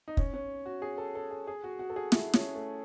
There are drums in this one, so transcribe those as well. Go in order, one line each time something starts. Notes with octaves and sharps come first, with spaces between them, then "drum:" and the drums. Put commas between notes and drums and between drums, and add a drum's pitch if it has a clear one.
D#4
C#4, drum: kick
C#4
F#4
G#4
A4
A4
G#4
G#4
F#4
F#4
A4
G#4
E4, drum: snare
C#4, drum: snare
A3